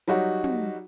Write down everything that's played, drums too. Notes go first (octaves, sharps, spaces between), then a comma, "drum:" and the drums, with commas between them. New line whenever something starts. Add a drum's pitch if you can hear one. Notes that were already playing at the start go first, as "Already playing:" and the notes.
F#3 G3 D#4 F#4
drum: tom